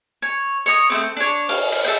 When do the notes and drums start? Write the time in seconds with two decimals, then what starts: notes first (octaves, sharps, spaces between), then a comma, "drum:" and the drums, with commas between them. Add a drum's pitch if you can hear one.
0.22 C#5
0.66 C#5 D#5 D#6
0.90 A3 A#3 C4
1.17 D4 C#5
1.49 F5, drum: open hi-hat
1.72 drum: cymbal
1.85 A4 E5 G5